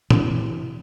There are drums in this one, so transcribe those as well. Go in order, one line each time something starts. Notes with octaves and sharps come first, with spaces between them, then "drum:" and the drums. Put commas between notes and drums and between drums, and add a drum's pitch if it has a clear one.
E3, drum: tom